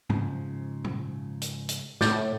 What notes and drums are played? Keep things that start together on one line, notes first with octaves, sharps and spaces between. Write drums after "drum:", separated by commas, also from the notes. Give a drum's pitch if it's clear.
G#2 C#3 F3, drum: tom G#2
drum: tom A#2
drum: hi-hat
drum: hi-hat
A2 D6 G6 A6, drum: snare